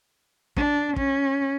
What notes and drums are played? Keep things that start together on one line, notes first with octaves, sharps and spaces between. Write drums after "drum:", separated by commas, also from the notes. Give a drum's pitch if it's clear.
D4, drum: kick
C#4, drum: kick